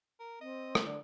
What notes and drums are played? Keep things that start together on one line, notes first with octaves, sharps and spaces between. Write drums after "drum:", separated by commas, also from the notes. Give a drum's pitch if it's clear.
A#4
C4 D#5
drum: rim click
D3